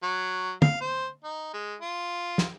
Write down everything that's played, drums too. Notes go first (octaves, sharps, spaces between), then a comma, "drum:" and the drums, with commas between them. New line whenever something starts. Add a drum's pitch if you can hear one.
F#3
F5, drum: tom
C5
D#4
G#3
F4
drum: snare